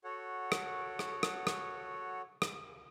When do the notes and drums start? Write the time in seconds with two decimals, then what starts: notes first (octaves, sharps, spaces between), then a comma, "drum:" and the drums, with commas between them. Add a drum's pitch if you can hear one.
0.04 F#4 A4 C#5 F#5
0.52 drum: rim click
0.99 drum: rim click
1.23 drum: rim click
1.47 drum: rim click
2.42 drum: rim click